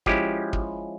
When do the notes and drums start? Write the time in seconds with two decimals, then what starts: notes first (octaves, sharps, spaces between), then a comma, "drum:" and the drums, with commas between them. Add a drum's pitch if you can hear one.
0.06 F3 G#3 C#4 E4 G4, drum: kick
0.53 drum: kick